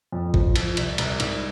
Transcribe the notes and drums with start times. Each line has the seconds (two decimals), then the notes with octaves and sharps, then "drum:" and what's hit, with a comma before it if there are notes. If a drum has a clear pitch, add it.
0.12 F2
0.34 F3, drum: kick G#1
0.56 F3, drum: cymbal
0.77 C2, drum: cymbal
0.98 C2, drum: cymbal
1.20 G#2, drum: cymbal